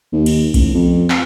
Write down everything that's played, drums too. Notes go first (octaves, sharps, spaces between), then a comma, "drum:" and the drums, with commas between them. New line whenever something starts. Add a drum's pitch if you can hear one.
D#2
drum: cymbal
A1, drum: kick B1, cymbal
F2
drum: clap